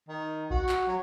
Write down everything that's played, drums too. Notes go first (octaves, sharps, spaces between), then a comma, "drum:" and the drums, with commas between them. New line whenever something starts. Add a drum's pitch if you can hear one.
D#3
F#4, drum: kick A#1
drum: clap
F#3